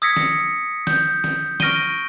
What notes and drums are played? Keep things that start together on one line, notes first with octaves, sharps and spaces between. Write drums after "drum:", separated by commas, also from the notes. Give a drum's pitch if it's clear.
D#6 E6 G#6 A#6 B6 C#7
drum: snare
G6, drum: snare
drum: snare
C#6 F6 A#6 D7 D#7 G7, drum: snare